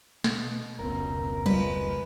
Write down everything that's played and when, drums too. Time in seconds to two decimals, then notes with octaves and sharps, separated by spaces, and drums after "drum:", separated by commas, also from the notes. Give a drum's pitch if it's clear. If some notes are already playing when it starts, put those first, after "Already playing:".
0.24 B2, drum: snare
0.79 F1 C#2 F#2 B2 C4 A#4
1.46 F3 G#3 B4, drum: tom F#3